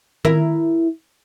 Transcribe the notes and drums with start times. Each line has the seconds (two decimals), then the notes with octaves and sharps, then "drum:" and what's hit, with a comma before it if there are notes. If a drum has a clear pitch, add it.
0.25 E4 A#4, drum: tom D#3